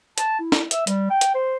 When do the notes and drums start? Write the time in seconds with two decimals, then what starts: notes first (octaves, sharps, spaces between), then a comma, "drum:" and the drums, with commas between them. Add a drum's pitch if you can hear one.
0.18 A5, drum: hi-hat
0.40 E4
0.52 drum: snare
0.71 E5, drum: hi-hat
0.87 G3, drum: hi-hat
1.10 G5
1.21 drum: hi-hat
1.35 C5